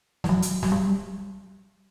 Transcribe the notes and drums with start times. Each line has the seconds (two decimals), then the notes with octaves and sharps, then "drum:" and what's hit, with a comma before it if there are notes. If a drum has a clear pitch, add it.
0.24 E3, drum: snare
0.29 F#3
0.42 drum: hi-hat
0.63 F#3, drum: snare
0.72 G3